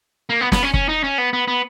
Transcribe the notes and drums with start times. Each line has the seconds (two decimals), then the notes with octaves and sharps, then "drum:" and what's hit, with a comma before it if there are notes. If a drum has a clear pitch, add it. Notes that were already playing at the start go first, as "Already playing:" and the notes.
0.30 A#3
0.41 B3
0.52 B3, drum: snare
0.63 C#4
0.74 C#4, drum: kick
0.89 D#4
1.04 C#4
1.18 B3
1.33 B3
1.48 B3